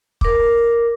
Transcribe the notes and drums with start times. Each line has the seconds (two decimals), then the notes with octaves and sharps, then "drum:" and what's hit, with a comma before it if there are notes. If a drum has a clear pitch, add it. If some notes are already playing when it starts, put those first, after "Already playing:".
0.21 A#4 D6, drum: kick